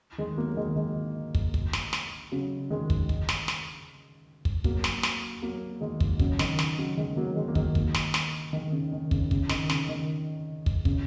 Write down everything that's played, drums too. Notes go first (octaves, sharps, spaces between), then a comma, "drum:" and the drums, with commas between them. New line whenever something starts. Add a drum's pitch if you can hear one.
D#3 G#3
F#3 A#3
F#3
D#3 G#3
D#3 G#3
drum: kick
drum: kick
drum: snare
drum: snare
C#3 F#3
D#3 G#3
drum: kick
drum: kick
drum: snare
drum: snare
drum: kick
F#3 A#3, drum: kick
drum: snare
drum: snare
F#3 A#3
D#3 G#3
drum: kick
C#3 F#3, drum: kick
D#3, drum: snare
drum: snare
C#3 F#3
D#3 G#3
F#3 A#3
D#3 G#3
A#3
D#3 G#3, drum: kick
drum: kick
drum: snare
drum: snare
D#3
C#3
D#3
C#3, drum: kick
C#3, drum: kick
D#3, drum: snare
C#3, drum: snare
D#3
drum: kick
C#3, drum: kick